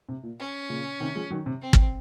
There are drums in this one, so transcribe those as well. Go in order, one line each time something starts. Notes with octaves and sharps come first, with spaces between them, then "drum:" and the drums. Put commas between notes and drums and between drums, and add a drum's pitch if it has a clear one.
C3
A#2
C#4
A#2 C#3
C3 D#3
F3 G#3
D#3 F#3
C3
C4
drum: kick